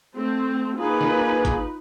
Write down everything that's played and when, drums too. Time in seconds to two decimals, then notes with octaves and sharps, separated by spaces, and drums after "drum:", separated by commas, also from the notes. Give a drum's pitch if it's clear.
0.15 A3 C4
0.79 A#3 D#4 F4 G#4 B4
1.01 drum: snare
1.45 drum: kick G#1, hi-hat